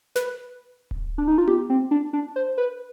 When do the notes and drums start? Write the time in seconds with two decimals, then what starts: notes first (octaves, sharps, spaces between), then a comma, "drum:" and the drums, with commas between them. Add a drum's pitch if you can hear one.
0.16 B4, drum: snare
0.91 drum: kick D1
1.18 D4
1.28 D#4
1.38 F4
1.48 G4, drum: tom B3
1.70 C4
1.91 D4
2.13 D4
2.36 C5
2.58 B4